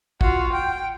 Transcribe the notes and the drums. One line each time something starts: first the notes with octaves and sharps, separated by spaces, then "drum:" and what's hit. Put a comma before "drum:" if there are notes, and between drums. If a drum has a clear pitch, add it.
F4 F#4, drum: kick
G5